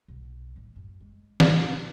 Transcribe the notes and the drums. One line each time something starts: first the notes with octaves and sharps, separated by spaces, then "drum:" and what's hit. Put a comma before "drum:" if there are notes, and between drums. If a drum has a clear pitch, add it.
B1
A2 D#3
F#2
G#3
drum: snare